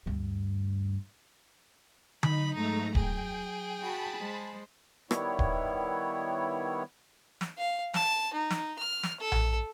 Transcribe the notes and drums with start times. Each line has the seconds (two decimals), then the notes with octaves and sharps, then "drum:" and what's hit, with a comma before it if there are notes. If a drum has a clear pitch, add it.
0.06 D2 G2
2.23 F#3 D#4 B5, drum: tom D3
2.54 G#2 A3 D#4 A#5
2.95 G#4 G5, drum: kick D1
3.81 F#4 G5 A5 B5
4.16 G#3 C5
5.11 D#3 G3 B3 E4 C#5, drum: rim click
5.39 drum: kick D1
7.41 drum: snare
7.58 F5
7.94 A5, drum: snare
8.33 D#4
8.51 drum: snare
8.79 F6
9.03 drum: snare
9.20 A4
9.32 drum: tom A#1